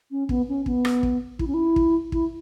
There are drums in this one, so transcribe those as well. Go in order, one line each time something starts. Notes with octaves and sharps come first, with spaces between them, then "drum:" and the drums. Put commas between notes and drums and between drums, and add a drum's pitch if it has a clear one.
C#4
B3, drum: kick
C#4
B3, drum: kick
drum: rim click
drum: kick
E4, drum: kick
C#4
E4
drum: kick
E4, drum: kick